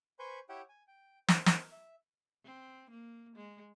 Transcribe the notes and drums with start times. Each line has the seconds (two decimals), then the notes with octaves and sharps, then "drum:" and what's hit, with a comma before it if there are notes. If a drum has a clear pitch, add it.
0.19 B4 C5 G#5 B5 C#6 G6
0.49 E4 G4 C#5 E5 F#5 G5
0.69 G#5
0.88 G5
1.28 C5, drum: snare
1.46 drum: snare
1.72 E5
2.45 C4
2.90 A#3
3.36 G#3